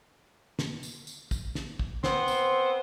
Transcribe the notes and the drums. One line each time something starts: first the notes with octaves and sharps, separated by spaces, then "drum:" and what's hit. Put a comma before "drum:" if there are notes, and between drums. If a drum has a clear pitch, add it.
drum: snare
drum: tambourine
drum: tambourine
drum: kick, tambourine
drum: snare
drum: kick
B3 C4 C5, drum: snare
drum: tambourine